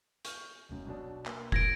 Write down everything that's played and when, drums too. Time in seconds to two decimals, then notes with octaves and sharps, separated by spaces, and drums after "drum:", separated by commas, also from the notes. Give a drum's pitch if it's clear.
0.25 C#6 F6 G6, drum: hi-hat
0.69 E1 F#2
0.87 B1 B2 D4
1.26 A#3, drum: clap
1.52 G#6 A#6 D7, drum: kick F1